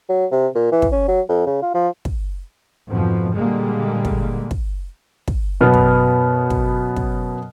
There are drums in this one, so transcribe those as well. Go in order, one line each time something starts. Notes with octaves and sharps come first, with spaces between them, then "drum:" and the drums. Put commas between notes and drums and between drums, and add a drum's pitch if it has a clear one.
F#3
C3
A#2
E3
drum: kick
C#4
F#3
F2
C#3
F4
F3
drum: kick
F2 G#2 B2 F3
A#2 D3 G3 G#3 A#3
drum: kick
drum: kick
drum: kick
F#2 B2 B3 F6
drum: kick
drum: kick
drum: kick